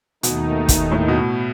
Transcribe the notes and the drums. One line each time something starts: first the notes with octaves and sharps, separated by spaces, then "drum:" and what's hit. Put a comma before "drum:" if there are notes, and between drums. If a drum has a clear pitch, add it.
D#2 B2 D#3 A3 D#4, drum: hi-hat
drum: kick, hi-hat
A2
B2